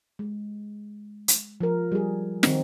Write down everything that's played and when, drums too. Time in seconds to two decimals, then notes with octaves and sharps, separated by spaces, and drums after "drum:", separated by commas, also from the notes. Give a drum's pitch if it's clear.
0.19 G#3
1.28 drum: hi-hat
1.61 F3 A#4
1.92 G3 G#4
2.43 D#3 C4 D#4, drum: snare